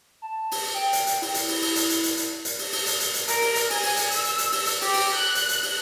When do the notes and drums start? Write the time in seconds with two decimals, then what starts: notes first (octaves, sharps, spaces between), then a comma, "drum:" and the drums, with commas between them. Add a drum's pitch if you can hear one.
0.22 A5
0.51 drum: open hi-hat
0.74 G5
0.93 drum: hi-hat
1.07 drum: hi-hat
1.22 E4, drum: open hi-hat
1.34 drum: hi-hat
1.48 drum: open hi-hat
1.62 drum: open hi-hat
1.76 drum: hi-hat
1.90 drum: hi-hat
2.03 drum: hi-hat
2.17 drum: hi-hat
2.45 drum: hi-hat
2.59 drum: open hi-hat
2.72 drum: open hi-hat
2.86 drum: hi-hat
3.00 drum: hi-hat
3.14 drum: hi-hat
3.28 A#4, drum: hi-hat
3.42 drum: open hi-hat
3.55 drum: hi-hat
3.70 G#5, drum: open hi-hat
3.83 drum: open hi-hat
3.97 drum: hi-hat
4.11 E6, drum: hi-hat
4.24 drum: hi-hat
4.38 drum: hi-hat
4.52 drum: open hi-hat
4.66 drum: hi-hat
4.81 G4, drum: open hi-hat
4.94 drum: open hi-hat
5.15 F#6
5.35 drum: hi-hat
5.49 drum: hi-hat
5.63 drum: open hi-hat